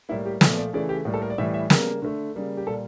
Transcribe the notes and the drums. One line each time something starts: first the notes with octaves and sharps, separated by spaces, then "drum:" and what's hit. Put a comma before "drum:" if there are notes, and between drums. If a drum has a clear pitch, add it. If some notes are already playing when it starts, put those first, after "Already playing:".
A2 G3 A#3 E4
G4
A#2 F3 A3, drum: snare
D5
C#3 E3 A3 D5
G4
A2 G3 A#3
A4
A#4
D5
A2 E3 G3 E5
E5
C#3 G3 A#3 A#4, drum: snare
D3 A3
C#3 G3 A#3
G4
A#2 G3 A#3 A4